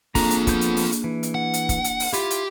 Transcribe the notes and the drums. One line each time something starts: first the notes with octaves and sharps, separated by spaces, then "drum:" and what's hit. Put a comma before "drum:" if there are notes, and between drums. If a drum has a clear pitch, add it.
A#3 D4 F4 G#4 A4 A#5, drum: kick, open hi-hat
drum: hi-hat
F3 B3 G6, drum: kick, hi-hat
drum: hi-hat
drum: open hi-hat
drum: hi-hat
E3
drum: hi-hat
F#5
drum: hi-hat
drum: kick, hi-hat
drum: hi-hat
drum: open hi-hat
E4 F4 G4, drum: hi-hat
drum: hi-hat